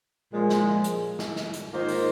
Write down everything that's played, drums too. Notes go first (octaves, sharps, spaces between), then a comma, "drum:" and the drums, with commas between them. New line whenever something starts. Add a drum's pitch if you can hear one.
A#2 F3 G#3
drum: snare
drum: hi-hat
drum: snare
drum: snare
drum: hi-hat
G#2 D#3 A#3 F4 C5
drum: open hi-hat